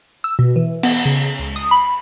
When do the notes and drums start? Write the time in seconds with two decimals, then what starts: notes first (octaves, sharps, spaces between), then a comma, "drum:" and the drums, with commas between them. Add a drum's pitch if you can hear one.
0.24 E6
0.39 B2
0.56 E3
0.83 B3, drum: cymbal
1.06 C#3
1.39 C#2
1.56 D#6
1.71 B5